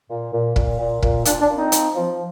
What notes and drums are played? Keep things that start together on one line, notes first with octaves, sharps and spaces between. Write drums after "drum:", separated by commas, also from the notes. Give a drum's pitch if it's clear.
A#2
A#2
A#2, drum: kick
A#2
A#2, drum: kick
A#2 D4, drum: hi-hat
D4
A#2
C4 D#4
F3, drum: hi-hat
F3